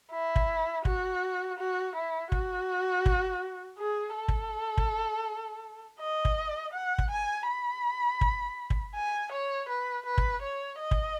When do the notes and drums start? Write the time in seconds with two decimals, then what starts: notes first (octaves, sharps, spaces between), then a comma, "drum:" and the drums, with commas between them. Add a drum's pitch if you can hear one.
0.11 E4
0.36 drum: kick
0.85 F#4, drum: kick
1.59 F#4
1.95 E4
2.32 F#4, drum: kick
3.06 drum: kick
3.79 G#4
4.16 A4
4.28 drum: kick
4.78 drum: kick
6.00 D#5
6.25 drum: kick
6.73 F#5
6.98 drum: kick
7.11 G#5
7.48 B5
8.21 drum: kick
8.70 drum: kick
8.95 G#5
9.32 C#5
9.69 B4
10.06 B4
10.18 drum: kick
10.42 C#5
10.80 D#5
10.91 drum: kick